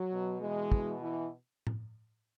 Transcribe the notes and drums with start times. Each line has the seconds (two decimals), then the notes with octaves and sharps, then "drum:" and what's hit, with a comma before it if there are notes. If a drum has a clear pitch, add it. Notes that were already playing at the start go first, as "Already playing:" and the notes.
Already playing: F#3
0.11 B2
0.41 E3 G#3
0.72 B2, drum: kick
1.01 E3
1.67 drum: tom A2